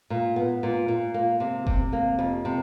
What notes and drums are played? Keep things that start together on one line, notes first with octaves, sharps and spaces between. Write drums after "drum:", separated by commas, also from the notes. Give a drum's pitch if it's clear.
A#2
B3
A#2
A#2
A#3
C3
C3, drum: kick F1
A#3
F2
C3